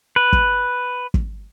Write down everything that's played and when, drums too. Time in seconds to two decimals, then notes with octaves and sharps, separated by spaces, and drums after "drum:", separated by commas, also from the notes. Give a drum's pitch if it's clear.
0.16 B4
0.33 drum: kick
1.14 drum: kick